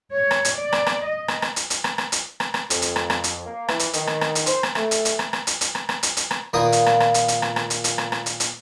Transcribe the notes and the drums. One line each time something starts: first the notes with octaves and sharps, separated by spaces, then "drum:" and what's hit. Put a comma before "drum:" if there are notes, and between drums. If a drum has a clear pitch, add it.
C#5
drum: rim click
drum: hi-hat
D5
drum: rim click
drum: rim click
D#5
drum: rim click
drum: rim click
drum: hi-hat
drum: hi-hat
drum: rim click
drum: rim click
drum: hi-hat
drum: rim click
drum: rim click
F2, drum: hi-hat
drum: hi-hat
drum: rim click
drum: rim click
drum: hi-hat
A#3
E3, drum: rim click
drum: hi-hat
D#3, drum: hi-hat
drum: rim click
drum: rim click
drum: hi-hat
C5, drum: hi-hat
drum: rim click
A3, drum: rim click
drum: hi-hat
drum: hi-hat
drum: rim click
drum: rim click
drum: hi-hat
drum: hi-hat
drum: rim click
drum: rim click
drum: hi-hat
drum: hi-hat
drum: rim click
A#2 D#3 A#3 B4 D#6
drum: hi-hat
drum: rim click
drum: rim click
drum: hi-hat
drum: hi-hat
drum: rim click
drum: rim click
drum: hi-hat
drum: hi-hat
drum: rim click
drum: rim click
drum: hi-hat
drum: hi-hat